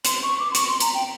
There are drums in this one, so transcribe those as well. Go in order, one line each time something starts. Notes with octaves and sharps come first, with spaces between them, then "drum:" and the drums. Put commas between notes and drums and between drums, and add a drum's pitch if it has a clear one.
C6, drum: hi-hat
C#6
D6
C6
C#6, drum: hi-hat
C6
A#5, drum: hi-hat
G5